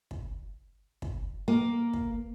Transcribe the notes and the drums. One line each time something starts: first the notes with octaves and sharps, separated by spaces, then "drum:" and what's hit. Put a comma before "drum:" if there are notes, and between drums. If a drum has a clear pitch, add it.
drum: kick
drum: kick
A#3
drum: kick